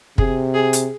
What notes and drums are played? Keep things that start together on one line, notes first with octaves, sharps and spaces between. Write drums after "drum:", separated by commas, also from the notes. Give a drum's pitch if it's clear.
C3 G#4, drum: kick
G#4
drum: hi-hat